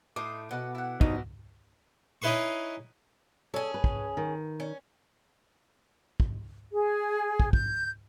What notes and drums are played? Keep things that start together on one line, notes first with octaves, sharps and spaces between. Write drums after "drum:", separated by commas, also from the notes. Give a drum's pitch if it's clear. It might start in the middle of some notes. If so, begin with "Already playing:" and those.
A2 A3 D#4 C6 D6
B2 B4 F#5
E4 F#5
F2 B2 G3 D#4, drum: kick
C#4 D#4 E4 B4 C6 C#6
C#4 G#4 A4
B4
drum: kick
D#3
C#4
drum: kick
G#4
drum: kick
G6, drum: kick